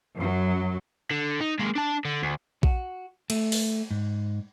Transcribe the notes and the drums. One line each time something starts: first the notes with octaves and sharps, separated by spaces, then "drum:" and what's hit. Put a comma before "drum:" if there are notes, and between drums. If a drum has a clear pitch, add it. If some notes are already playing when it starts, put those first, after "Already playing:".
F#2 F#3
D3
D#4
G#3 A#3
D4 A5
D3
D2
F#4, drum: kick A#1
A3, drum: cymbal
drum: open hi-hat
G#2